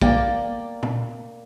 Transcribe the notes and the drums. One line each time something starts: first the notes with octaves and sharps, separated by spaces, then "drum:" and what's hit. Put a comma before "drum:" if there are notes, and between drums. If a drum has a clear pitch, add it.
A#3 D5 G5, drum: kick
drum: tom